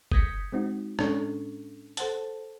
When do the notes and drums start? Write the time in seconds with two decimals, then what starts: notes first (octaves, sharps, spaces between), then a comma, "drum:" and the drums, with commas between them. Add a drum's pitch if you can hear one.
0.12 D#6 G6 G#6 A#6 B6 C#7, drum: kick
0.52 G#3 C4 D#4 F#4
0.99 A2 G#3 C#4 D4 A4 C#6, drum: rim click
1.97 A4 C5 F#5 A5, drum: hi-hat